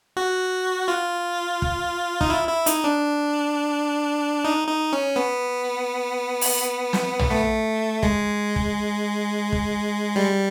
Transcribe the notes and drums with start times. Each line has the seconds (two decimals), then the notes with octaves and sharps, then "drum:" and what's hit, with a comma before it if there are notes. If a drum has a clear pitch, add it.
0.17 F#4
0.88 F4
1.62 drum: kick
2.21 D#4, drum: kick
2.30 E4
2.48 E4
2.66 D#4, drum: hi-hat
2.84 D4
4.45 D#4
4.68 D#4
4.93 C#4
5.16 B3
6.41 drum: open hi-hat
6.93 drum: snare
7.19 drum: tom
7.30 A3
8.03 G#3, drum: kick
8.56 drum: kick
9.52 drum: kick
10.16 G3